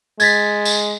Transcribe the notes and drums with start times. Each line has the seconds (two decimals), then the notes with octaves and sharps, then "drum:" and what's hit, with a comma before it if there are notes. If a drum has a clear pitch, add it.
0.20 G#3 G#6 A6 B6, drum: tambourine
0.65 drum: tambourine